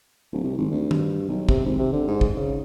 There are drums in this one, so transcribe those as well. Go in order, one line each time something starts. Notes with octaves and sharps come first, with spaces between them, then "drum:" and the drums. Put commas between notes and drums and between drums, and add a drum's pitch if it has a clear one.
D1
C2
G#1
D2
G2, drum: tom D#3
B1
C3, drum: kick
G#1
C3
D3
G#2
drum: kick
C#3